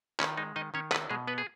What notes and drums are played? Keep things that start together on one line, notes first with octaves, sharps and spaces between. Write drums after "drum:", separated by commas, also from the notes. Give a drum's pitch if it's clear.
D#3 C#4, drum: clap
G#3 D#4
D#3 D#4 D#5
D#3 C#4 C#5
B3 B4, drum: clap
B2 G#3 G#4
B3 B4
G#4